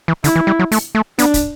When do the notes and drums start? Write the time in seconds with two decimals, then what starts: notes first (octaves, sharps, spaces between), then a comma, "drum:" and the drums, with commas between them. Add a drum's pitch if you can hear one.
0.08 E3
0.24 D3 E4, drum: hi-hat
0.36 E3
0.47 G3
0.59 F#3
0.72 A3, drum: open hi-hat
0.95 A3
1.19 B3 D4, drum: hi-hat
1.34 drum: kick, hi-hat